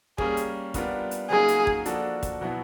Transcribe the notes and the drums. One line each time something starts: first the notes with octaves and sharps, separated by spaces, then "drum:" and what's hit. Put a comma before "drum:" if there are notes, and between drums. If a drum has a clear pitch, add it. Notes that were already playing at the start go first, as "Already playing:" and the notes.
G3 A#3 C#4 G#4, drum: kick
drum: hi-hat
G3 B3 D4 F4 A#4, drum: kick, hi-hat
drum: hi-hat
C#3 F#3 A#3 D#4 G#4
drum: hi-hat
drum: kick
F3 A#3 D4 F#4 A4, drum: hi-hat
drum: kick, hi-hat
B2 F#3 B3 E4